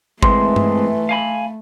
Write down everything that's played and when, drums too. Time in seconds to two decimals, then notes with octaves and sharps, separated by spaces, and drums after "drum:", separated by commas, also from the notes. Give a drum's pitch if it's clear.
0.23 E3 G#3 A3 C4 C6, drum: kick G#1
0.56 drum: tom G2
1.09 F5 G#5 B5